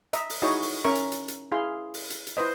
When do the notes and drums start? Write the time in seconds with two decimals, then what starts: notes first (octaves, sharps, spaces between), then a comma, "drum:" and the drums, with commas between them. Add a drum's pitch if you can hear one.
0.13 D#5 E5 A#5, drum: hi-hat
0.30 drum: open hi-hat
0.42 D#4 E4 F#4 G#4 C#5 D#5
0.62 drum: open hi-hat
0.84 C#4 A#4 E5 C#6
0.95 drum: hi-hat
1.12 drum: hi-hat
1.28 drum: hi-hat
1.52 E4 G#4 F5 C6
1.94 drum: open hi-hat
2.10 drum: hi-hat
2.27 drum: hi-hat
2.37 E4 B4 C5 D#5